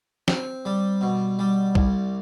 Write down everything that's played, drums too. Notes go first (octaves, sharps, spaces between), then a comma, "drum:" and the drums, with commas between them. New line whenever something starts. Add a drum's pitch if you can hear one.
C4, drum: snare
G3
B2
G3
C2, drum: kick